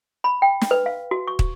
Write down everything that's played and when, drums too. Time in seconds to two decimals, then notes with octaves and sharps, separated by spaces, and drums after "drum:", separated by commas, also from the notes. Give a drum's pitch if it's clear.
0.24 B5
0.42 G5
0.61 drum: snare
0.71 B4
0.86 F5
1.11 F#4
1.27 C#6
1.39 drum: kick